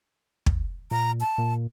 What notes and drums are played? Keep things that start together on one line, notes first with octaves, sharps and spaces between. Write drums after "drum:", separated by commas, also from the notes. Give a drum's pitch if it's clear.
drum: kick
A#2 A#5
A5
A#2